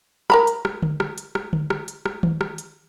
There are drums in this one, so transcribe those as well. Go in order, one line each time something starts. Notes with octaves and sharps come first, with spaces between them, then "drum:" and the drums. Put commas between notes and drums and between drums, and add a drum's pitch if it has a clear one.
A#4 A#5 B5, drum: rim click
drum: hi-hat
drum: rim click
drum: tom D3
drum: rim click
drum: hi-hat
drum: rim click
drum: tom D3
drum: rim click
drum: hi-hat
drum: rim click
drum: tom D#3
drum: rim click
drum: hi-hat